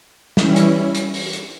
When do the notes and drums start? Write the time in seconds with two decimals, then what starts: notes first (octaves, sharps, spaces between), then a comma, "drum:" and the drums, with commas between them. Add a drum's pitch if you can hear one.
0.37 E3 G3 C#4 E4, drum: snare
0.56 drum: hi-hat
0.95 drum: hi-hat
1.14 drum: open hi-hat
1.33 drum: hi-hat